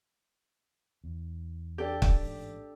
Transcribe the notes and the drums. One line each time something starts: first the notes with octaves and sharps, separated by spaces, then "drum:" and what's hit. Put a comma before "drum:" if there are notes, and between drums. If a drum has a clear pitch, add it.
E2
D4 G4 A4 G5
drum: kick
A1 G#2